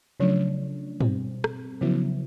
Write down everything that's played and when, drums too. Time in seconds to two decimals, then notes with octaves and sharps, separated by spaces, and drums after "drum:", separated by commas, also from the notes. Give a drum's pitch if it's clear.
0.20 C#3 F3 F#3 A3 D4
1.01 B2 G3 C4, drum: tom
1.44 drum: rim click
1.81 C#3 F3 F#3 B3 E4